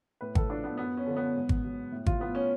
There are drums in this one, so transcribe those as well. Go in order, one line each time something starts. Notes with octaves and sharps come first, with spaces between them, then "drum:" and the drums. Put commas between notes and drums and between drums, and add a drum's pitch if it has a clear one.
A2 B4
A4, drum: kick G#1
F3 D4
B3
F#2 B3
C#4
D3 F3
B3
G#2
drum: kick G#1
F#3
A2
F4, drum: kick G#1
F3 B3
C#4